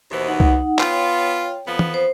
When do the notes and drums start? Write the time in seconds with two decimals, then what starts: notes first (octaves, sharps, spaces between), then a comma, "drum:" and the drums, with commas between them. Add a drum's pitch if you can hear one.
0.11 D#2 B2 E3 C5
0.28 D#4 F#5
0.40 drum: kick C2
0.79 B3 F4 C#5 G5, drum: clap
1.66 F2 F3 B3
1.79 drum: tom E3
1.94 C5